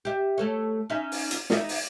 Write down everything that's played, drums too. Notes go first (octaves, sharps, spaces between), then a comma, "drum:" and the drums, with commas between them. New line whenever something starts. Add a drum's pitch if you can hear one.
G4 E5
A3 A4 C#5
C#4 D#4 E5
drum: open hi-hat
drum: hi-hat
D#4 E5, drum: snare
drum: open hi-hat